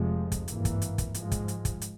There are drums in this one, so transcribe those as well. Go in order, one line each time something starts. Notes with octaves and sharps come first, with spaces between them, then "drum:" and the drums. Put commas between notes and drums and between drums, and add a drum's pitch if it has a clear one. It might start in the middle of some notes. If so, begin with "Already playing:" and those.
Already playing: F1 F2 C3 F3 G#3
drum: kick, hi-hat
G#1 G2 E3 A#3, drum: hi-hat
drum: kick, hi-hat
drum: hi-hat
drum: kick, hi-hat
G#2 F3 G#3, drum: hi-hat
drum: kick, hi-hat
drum: hi-hat
drum: kick, hi-hat
drum: hi-hat